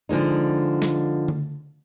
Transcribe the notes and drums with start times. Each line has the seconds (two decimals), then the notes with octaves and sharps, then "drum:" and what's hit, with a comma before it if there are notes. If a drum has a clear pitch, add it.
0.09 D3 F3 G#3 D#4
0.82 drum: snare
1.28 drum: tom D3